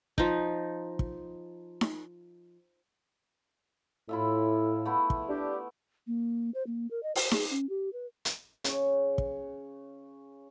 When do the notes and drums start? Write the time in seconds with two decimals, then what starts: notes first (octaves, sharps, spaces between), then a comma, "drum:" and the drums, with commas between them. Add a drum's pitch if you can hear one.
0.18 F3 D#4, drum: kick
0.99 drum: kick
1.81 drum: snare D#4
4.09 A2 E4 F4 E5
4.85 A3 B3 E4
5.10 drum: kick
5.29 D4 G4
6.07 A#3
6.54 C5
6.67 A#3
6.91 A#4
7.03 D#5
7.15 C5, drum: open hi-hat
7.31 G#4, drum: snare D#4
7.50 C#4
7.69 G4
7.93 B4
8.25 drum: hi-hat
8.64 C#3 C#5, drum: hi-hat
9.18 drum: kick